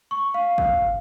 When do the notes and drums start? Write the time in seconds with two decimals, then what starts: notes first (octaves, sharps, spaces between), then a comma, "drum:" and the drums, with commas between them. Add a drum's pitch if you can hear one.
0.11 C#6
0.34 F5
0.58 drum: kick